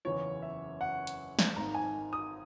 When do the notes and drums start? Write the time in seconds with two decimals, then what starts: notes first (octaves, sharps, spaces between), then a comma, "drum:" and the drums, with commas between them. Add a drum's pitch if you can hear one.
0.05 F#1 E2 C#3 E3 C#5
0.42 E5
0.81 F#5
1.07 drum: hi-hat
1.39 drum: snare
1.56 G#1 G#2 D#3 A#5
1.75 G#5
2.13 D#6